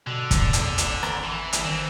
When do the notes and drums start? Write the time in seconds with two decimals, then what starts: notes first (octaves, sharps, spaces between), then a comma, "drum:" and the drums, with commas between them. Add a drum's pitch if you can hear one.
0.07 B2 D3
0.31 D#1, drum: kick, hi-hat
0.53 E2, drum: hi-hat
0.78 G#1, drum: hi-hat
1.03 drum: rim click
1.24 E3
1.53 drum: hi-hat
1.64 D#3 E3 C4